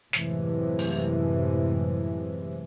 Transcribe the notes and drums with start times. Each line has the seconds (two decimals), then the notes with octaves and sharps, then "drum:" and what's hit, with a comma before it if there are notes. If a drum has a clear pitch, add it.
0.13 F#2 A2 C3 E3 G#3, drum: snare
0.79 drum: open hi-hat